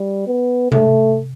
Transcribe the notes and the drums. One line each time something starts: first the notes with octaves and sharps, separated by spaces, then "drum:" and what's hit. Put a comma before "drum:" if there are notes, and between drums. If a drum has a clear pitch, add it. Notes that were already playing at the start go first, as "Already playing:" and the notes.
Already playing: G3
B3
A3, drum: tom C3